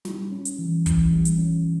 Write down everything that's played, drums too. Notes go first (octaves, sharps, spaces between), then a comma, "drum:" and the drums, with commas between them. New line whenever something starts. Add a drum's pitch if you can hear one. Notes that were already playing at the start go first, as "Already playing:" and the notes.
G3, drum: snare
C#4
drum: hi-hat
E3
E3, drum: kick, hi-hat
G3
drum: hi-hat
C#4